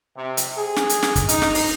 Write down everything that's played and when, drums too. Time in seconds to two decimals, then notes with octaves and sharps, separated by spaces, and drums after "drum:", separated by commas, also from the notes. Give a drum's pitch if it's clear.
0.15 C3
0.37 drum: hi-hat
0.57 G#4
0.76 drum: snare
0.89 drum: hi-hat
1.03 drum: snare
1.16 drum: kick, hi-hat
1.29 D#4, drum: hi-hat
1.42 drum: snare
1.55 drum: open hi-hat